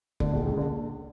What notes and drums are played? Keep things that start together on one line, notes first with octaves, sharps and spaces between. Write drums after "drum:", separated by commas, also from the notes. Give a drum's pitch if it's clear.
D2 D3, drum: kick F1
A#1 A#2
C#2 C#3
D3